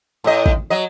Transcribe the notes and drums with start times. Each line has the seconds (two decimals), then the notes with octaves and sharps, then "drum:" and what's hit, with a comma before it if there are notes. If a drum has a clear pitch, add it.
0.24 A2 D#5
0.46 drum: kick A1
0.70 F#3 D#5